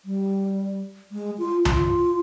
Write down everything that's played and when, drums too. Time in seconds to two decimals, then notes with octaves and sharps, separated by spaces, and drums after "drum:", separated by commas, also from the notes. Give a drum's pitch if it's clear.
0.05 G3
1.12 G#3
1.39 F4
1.65 F4, drum: tom C2